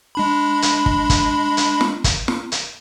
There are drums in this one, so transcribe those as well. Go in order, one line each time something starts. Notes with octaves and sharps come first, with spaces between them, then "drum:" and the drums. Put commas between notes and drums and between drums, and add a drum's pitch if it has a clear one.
G#3 D4 B5
drum: hi-hat
drum: kick
drum: kick, hi-hat
drum: hi-hat
drum: snare
drum: kick, hi-hat
drum: snare
drum: hi-hat